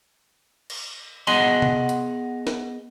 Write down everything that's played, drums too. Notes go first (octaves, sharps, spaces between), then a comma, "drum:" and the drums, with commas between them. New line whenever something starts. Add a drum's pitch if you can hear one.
drum: cymbal
B3 G#4 D#5 F#5 G#5 C6, drum: cymbal
drum: tom C3
drum: hi-hat
drum: snare